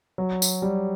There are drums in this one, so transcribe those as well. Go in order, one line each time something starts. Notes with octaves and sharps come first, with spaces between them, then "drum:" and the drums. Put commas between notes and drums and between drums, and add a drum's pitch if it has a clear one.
F#3
drum: tambourine
G3